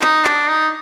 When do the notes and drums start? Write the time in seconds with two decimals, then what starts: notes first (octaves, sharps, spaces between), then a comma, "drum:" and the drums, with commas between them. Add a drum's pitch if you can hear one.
0.01 D#4, drum: clap
0.25 D4, drum: clap
0.48 D#4